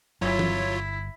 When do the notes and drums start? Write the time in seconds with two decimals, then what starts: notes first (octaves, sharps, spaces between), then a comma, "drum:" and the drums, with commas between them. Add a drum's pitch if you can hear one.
0.21 G1 F#3 E4 F4 C#5
0.39 drum: tom E3